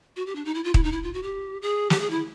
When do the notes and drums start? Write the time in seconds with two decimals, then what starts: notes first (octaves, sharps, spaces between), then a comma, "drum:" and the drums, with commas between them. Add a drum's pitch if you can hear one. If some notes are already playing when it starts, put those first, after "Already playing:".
0.16 F#4
0.26 G4
0.35 D4
0.45 D#4
0.54 E4
0.64 F4
0.74 E4, drum: kick
0.83 D#4
0.92 E4
1.03 F4
1.13 F#4
1.23 G4
1.62 G#4
1.90 G4, drum: snare
2.01 G#4
2.10 E4